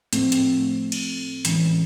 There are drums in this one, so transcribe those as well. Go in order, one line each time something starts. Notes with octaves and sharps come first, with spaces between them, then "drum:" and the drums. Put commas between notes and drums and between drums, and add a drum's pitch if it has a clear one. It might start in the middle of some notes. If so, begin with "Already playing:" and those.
A2 F3 A3 C4, drum: hi-hat
drum: hi-hat
drum: cymbal
A2 E3 G#3 C#4, drum: hi-hat